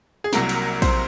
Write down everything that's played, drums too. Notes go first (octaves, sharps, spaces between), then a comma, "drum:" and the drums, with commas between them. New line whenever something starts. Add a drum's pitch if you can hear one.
G#4
C2 C3 F#3 A#3 A#4, drum: snare
drum: cymbal
C5, drum: kick A#1, cymbal